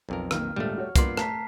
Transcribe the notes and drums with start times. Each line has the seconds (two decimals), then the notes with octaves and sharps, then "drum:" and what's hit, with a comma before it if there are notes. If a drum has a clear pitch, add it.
0.09 B1 F2 A#4
0.31 D#3 A#3 F6, drum: rim click
0.56 A#1 D#2 G#2 G3 A3
0.78 F#4 C#5
0.96 G2 F3 A#3 B3 D5 C6 C7, drum: kick, hi-hat
1.17 A3 A5 A#5 B6, drum: rim click